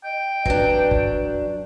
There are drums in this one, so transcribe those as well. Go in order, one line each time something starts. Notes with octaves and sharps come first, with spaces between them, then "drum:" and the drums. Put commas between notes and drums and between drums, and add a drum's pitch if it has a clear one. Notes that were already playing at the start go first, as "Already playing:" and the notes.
D#5 G5
F#3 D4 B4, drum: kick
drum: kick